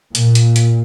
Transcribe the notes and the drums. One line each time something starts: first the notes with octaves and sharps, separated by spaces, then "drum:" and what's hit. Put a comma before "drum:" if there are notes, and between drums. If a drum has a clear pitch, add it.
A#2, drum: hi-hat
drum: hi-hat
drum: hi-hat